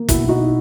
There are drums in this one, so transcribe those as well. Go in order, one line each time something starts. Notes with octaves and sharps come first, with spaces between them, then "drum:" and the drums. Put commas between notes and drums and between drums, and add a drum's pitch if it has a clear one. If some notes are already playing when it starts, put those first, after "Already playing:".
Already playing: A#3
B2 E4, drum: kick, hi-hat
B1
D#4 F#4